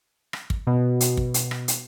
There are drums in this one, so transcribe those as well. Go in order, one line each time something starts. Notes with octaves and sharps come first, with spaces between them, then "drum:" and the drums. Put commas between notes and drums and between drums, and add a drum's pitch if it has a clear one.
drum: rim click
drum: kick
B2
drum: hi-hat
drum: kick
drum: hi-hat
drum: rim click
drum: hi-hat